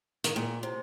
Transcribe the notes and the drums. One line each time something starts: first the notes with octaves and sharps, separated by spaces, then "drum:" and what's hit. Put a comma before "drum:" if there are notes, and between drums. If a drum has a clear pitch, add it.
D#3, drum: hi-hat
A#2
C3